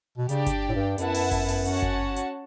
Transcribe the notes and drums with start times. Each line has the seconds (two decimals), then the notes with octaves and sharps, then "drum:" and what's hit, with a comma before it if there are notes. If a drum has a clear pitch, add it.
0.18 B2
0.29 C#3 D4 G4 D5 G5, drum: hi-hat
0.46 drum: kick G1, hi-hat
0.69 A2
0.75 G2
0.98 F#2 B3 E4 B4 F#5 A5, drum: hi-hat
1.14 drum: open hi-hat
1.31 drum: kick G1, hi-hat
1.48 drum: open hi-hat
1.65 C#4 F#4 C#5 F#5 A5, drum: hi-hat
1.82 drum: kick G1
2.16 drum: hi-hat